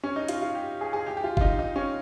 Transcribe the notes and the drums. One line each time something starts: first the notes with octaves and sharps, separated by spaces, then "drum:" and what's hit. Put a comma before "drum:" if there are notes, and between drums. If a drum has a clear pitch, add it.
C#4
D#4
F4, drum: hi-hat
F4
G4
G#4
G#4
G4
G4
F4
F4, drum: kick F#1
D#4
D#4
C#4